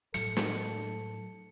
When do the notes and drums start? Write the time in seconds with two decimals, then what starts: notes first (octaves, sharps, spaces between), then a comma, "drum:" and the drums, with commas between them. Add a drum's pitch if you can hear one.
0.14 A2 F#3 A4 C#7, drum: hi-hat
0.37 drum: snare